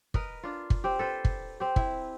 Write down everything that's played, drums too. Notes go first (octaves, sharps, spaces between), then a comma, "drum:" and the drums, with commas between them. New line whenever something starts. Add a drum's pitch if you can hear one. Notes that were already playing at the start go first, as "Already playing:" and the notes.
A#4 B4 D#5, drum: kick
D4 F4
drum: kick
C4 G4
A4 B4 C5
drum: kick
C4 G4
E4, drum: kick